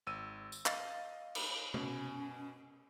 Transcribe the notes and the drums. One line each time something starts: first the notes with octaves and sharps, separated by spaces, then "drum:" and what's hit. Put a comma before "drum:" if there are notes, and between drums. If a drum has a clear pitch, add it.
G#1 E6 D#7
drum: tambourine
D#5 F5 A6, drum: clap
drum: cymbal
B2 C#4, drum: tom C3